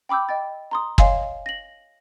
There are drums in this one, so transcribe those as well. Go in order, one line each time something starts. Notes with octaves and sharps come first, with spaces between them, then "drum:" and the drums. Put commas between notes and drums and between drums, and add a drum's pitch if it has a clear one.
G5 B5 D6 E6 G6
D#5 G5 A6
A#5 C6 D#6
C#5 D#5 F5 G#5 C6, drum: kick
A#6 F#7